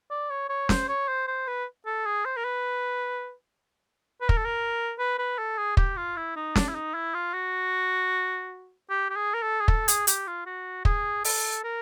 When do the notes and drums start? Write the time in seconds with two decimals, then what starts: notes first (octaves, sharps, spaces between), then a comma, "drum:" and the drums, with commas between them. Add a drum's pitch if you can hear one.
0.11 D5
0.30 C#5
0.49 C#5
0.69 C5, drum: snare
0.88 C#5
1.08 C5
1.27 C5
1.47 B4
1.86 A4
2.06 G#4
2.25 C5
2.37 A#4
2.45 B4
4.21 B4
4.29 A#4, drum: kick
4.37 A4
4.45 A#4
4.99 B4
5.19 B4
5.38 A4
5.58 G#4
5.77 G4, drum: kick
5.97 F4
6.16 E4
6.36 D#4
6.56 D4, drum: snare
6.69 E4
6.75 D#4
6.94 E4
7.14 F4
7.33 F#4
8.90 G4
9.10 G4
9.16 G#4
9.34 A#4
9.42 A4
9.60 G#4
9.68 A4, drum: kick
9.88 G#4, drum: hi-hat
10.07 G4, drum: hi-hat
10.27 F4
10.46 F#4
10.85 G#4, drum: kick
11.24 A4, drum: open hi-hat
11.64 A#4